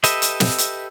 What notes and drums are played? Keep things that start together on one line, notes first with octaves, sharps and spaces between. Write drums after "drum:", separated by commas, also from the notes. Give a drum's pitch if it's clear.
G4 A4 B4 D#5 E5, drum: hi-hat
drum: hi-hat
drum: snare
drum: hi-hat